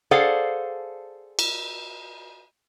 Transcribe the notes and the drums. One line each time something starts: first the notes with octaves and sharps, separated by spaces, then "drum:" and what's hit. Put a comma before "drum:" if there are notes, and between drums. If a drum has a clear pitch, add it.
G#4 A4 C5 D5 F5 F#5
drum: cymbal